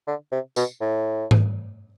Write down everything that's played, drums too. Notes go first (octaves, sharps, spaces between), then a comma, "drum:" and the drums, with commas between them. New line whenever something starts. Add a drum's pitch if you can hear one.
D3
C3
B2, drum: tambourine
A2
drum: tom G#2